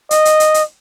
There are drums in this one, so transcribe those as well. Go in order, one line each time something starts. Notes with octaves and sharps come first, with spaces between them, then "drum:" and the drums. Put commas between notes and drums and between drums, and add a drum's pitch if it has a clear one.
D#5, drum: hi-hat
drum: hi-hat
drum: hi-hat
drum: hi-hat